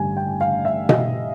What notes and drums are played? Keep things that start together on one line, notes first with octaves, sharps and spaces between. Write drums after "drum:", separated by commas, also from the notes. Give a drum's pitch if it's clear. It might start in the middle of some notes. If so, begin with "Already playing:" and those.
Already playing: A1 G2 D3 G3 G#5
G5
F5
E5
D#5, drum: tom B2